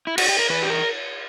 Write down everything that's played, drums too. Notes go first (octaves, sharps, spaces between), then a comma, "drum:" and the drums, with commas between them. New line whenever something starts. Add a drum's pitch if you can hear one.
E4
F#4, drum: cymbal
G4
A#4
E3 B4
G4
A#4